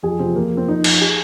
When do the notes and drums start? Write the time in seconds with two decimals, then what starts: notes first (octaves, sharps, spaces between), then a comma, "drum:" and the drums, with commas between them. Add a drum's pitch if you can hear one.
0.03 F2 G#4
0.19 C3 F3 C4
0.35 F2 A#3
0.52 F3
0.57 C4
0.68 F2 D#4
0.84 F3, drum: cymbal
1.01 G#4